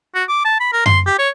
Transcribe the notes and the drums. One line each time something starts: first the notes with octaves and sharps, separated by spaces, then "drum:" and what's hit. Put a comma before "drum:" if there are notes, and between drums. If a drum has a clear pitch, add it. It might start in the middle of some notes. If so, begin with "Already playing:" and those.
F#4
D6
A5
B5
A#4
C6, drum: tom F#2
G4
C#5